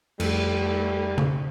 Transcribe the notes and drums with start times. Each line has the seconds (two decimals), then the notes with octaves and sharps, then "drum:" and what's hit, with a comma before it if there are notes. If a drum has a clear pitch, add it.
0.20 F2 G3 A3, drum: cymbal
1.18 drum: tom C#3